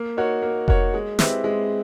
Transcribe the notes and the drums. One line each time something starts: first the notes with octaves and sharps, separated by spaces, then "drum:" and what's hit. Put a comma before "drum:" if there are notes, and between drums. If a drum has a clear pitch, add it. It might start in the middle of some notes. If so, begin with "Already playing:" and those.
Already playing: A#3
D#4 F#4 A#4 C#5
A#3
D#4 F#4 A#4 C#5, drum: kick F1
G#3
C4 E4 G4 B4, drum: snare
G#3